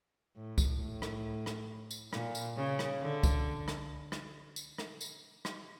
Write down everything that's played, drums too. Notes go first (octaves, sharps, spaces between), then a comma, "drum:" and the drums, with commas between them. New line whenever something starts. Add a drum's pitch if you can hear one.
A2
drum: kick C#2, tambourine
A2
drum: rim click
drum: rim click
drum: tambourine
A#2, drum: rim click
drum: tambourine
C#3
drum: rim click
D3
drum: kick C#2, tambourine
drum: rim click
drum: rim click
drum: tambourine
drum: rim click
drum: tambourine
drum: rim click